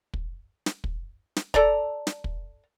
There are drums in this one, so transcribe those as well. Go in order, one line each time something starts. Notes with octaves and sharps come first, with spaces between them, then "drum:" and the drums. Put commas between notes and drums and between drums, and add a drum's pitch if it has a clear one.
drum: kick
drum: snare
drum: kick
drum: snare
A4 D5 A#5, drum: kick
drum: snare
drum: kick